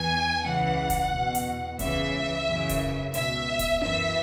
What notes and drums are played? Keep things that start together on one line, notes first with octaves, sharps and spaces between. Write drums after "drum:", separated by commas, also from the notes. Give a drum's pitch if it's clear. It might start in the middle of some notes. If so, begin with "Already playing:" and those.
Already playing: E2 E3 G#5
C#2 C#3 E3 F#5
drum: kick E1, hi-hat
E2 B2
drum: hi-hat
C#2 C#3 E3 E5, drum: kick E1, hi-hat
F#2 C#3 E3
drum: kick E1, hi-hat
C#2 B2 E5, drum: hi-hat
drum: kick E1, hi-hat
F#2 E3 E5, drum: tom C#4